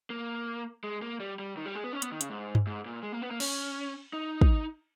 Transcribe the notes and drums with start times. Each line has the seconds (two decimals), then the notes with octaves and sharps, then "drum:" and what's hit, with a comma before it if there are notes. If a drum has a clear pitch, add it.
0.10 A#3
0.84 G#3
1.02 A#3
1.20 G3
1.39 G3
1.57 D#3
1.66 G3
1.75 G#3
1.84 B3
1.93 C#4
2.02 B3, drum: hi-hat
2.12 D#3
2.21 C#3, drum: hi-hat
2.30 G#2
2.55 drum: tom G2
2.67 G#2
2.86 A#2
3.03 G#3
3.12 A#3
3.22 B3
3.31 A#3
3.40 C#4, drum: cymbal
4.13 D#4
4.41 drum: kick